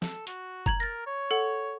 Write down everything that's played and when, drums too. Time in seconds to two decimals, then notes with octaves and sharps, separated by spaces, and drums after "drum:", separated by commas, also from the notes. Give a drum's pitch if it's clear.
0.02 A4, drum: snare
0.27 F#4, drum: hi-hat
0.66 A#5 G#6 F#7, drum: kick
0.80 A#4 A6 A#6
1.07 C#5
1.31 A4 F#5